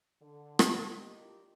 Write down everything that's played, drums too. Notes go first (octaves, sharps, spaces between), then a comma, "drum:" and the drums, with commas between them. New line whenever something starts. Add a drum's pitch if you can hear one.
D3
drum: rim click
D4 E4 F4 G4 A#4 D#5